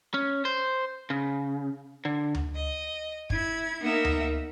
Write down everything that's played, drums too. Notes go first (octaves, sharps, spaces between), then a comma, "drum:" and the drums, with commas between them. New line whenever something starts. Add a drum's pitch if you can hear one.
C#4
C5
C#3
D3
drum: tom D2
D#5
E4 G#6, drum: kick
A#3 B3 D#4 A#4 E5 F#5
drum: tom D2